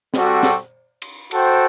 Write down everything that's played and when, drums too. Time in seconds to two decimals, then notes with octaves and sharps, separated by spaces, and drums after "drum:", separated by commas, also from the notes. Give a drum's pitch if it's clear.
0.14 G3 C4 F#4 A4, drum: snare
0.43 drum: snare
1.02 drum: cymbal
1.31 F#4 A4 C5 G5, drum: cymbal